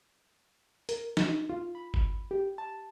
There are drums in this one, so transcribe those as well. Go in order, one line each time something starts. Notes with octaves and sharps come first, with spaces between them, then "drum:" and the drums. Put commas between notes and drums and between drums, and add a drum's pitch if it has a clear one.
A#4, drum: hi-hat
D#4, drum: snare
F4
B5
drum: kick G1
G4
A5